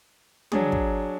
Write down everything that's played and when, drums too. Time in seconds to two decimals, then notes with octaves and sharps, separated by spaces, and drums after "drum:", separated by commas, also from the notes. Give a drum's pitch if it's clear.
0.52 F#3 D4 G#4, drum: tom
0.72 drum: kick